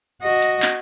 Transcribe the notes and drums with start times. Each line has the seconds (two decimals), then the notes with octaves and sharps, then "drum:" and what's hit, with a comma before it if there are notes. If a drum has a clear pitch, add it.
0.22 F#4 D#5
0.42 drum: hi-hat
0.62 drum: clap